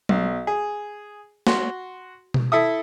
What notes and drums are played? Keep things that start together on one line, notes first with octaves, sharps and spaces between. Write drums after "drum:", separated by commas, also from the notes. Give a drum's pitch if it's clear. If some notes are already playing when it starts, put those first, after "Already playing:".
B1, drum: tom F#3
G#4
F#4 C6, drum: snare
drum: tom B2
E4 A4 E5 D#6